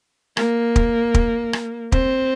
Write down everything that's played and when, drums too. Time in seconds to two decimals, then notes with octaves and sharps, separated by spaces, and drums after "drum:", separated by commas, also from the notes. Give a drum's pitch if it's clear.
0.37 A#3, drum: rim click
0.76 drum: kick
1.14 drum: kick
1.53 drum: rim click
1.92 C4, drum: kick